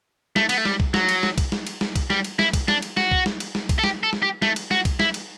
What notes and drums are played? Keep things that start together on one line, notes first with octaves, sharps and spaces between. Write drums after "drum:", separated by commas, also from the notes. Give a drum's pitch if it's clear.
A3, drum: snare
B3, drum: cymbal
A3
G3, drum: snare
drum: kick B1
F#3, drum: snare
drum: cymbal
drum: snare
drum: kick B1, cymbal
drum: snare
drum: cymbal
drum: snare
drum: kick B1, cymbal
G3, drum: snare
drum: cymbal
E4, drum: snare
drum: kick B1, cymbal
D4, drum: snare
drum: cymbal
F#4, drum: snare
drum: kick B1
drum: snare
drum: cymbal
drum: snare
drum: kick B1, cymbal
A4
G4, drum: snare
A4
drum: snare
G4
A3, drum: snare
drum: cymbal
F#4, drum: snare
drum: kick B1, cymbal
E4, drum: snare
drum: cymbal